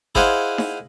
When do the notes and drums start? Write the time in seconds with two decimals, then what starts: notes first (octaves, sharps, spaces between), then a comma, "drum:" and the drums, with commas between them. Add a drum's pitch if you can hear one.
0.15 E4 G#4 C5 D#5 F5 F#5, drum: kick G1
0.58 drum: snare D#4